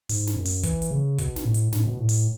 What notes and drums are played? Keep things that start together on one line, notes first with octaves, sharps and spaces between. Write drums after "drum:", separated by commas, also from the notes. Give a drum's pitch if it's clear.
G#2, drum: open hi-hat
drum: snare
F#2
drum: open hi-hat
E3, drum: kick, hi-hat
drum: hi-hat
C#3
B2, drum: kick, hi-hat
drum: snare
A2
drum: hi-hat
A2, drum: snare
B2
A2
drum: open hi-hat